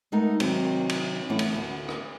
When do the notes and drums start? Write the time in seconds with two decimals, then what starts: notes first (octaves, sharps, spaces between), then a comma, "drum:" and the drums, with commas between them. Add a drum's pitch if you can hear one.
0.12 G#3 A3 B3 D#4 A#4
0.40 C3 D#3 F#3 C4, drum: cymbal
0.89 drum: cymbal
1.30 E3 A3 B3 C#4 E4
1.39 drum: cymbal
1.51 D2 B3
1.89 drum: rim click